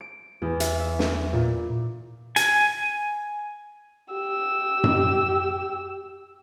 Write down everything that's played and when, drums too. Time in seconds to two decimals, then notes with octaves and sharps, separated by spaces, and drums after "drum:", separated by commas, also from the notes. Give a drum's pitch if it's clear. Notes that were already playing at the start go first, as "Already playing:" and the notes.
0.01 D7
0.42 E2
0.60 E5, drum: hi-hat
0.80 E5
0.99 drum: snare
1.33 A#2
2.36 G#5, drum: hi-hat
4.12 G4 E6
4.84 drum: tom F#2